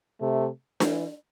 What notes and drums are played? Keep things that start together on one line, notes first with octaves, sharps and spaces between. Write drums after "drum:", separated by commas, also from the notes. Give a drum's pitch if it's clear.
C3 A3
E3, drum: snare D4